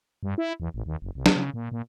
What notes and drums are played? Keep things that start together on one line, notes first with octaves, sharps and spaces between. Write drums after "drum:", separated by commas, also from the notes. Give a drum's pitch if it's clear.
G2
E4
E2
A1
D#2
F#1
C2
drum: snare
C#3
A#2
A#2